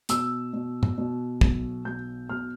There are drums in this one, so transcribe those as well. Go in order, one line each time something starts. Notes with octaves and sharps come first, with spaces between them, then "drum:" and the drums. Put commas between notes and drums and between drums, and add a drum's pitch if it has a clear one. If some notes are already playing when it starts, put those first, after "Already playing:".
B2 E6, drum: hi-hat
B2
drum: tom
B2
B1, drum: kick
B2 G6
B2 F6